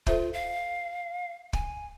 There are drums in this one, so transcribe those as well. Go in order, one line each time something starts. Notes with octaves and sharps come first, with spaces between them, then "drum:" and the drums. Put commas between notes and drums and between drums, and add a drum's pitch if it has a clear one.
F4 A4 C5 E5, drum: kick
F5
G#5, drum: kick